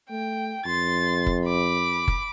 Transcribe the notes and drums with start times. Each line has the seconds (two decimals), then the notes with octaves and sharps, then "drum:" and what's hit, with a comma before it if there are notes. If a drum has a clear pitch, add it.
0.10 A3 G5
0.66 F2 C6 A6
1.26 drum: kick F#1
1.46 B5 D6
2.08 drum: kick F#1